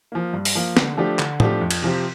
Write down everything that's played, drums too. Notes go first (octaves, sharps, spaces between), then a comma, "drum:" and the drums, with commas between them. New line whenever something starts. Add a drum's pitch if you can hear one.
F3 A#3
G2
drum: open hi-hat
F3 A#3
D3, drum: snare
F3 A3 D4 G4
D3, drum: clap
F3 A3 D4 G4, drum: tom A2
F2
drum: cymbal
C3 F3 C4 G4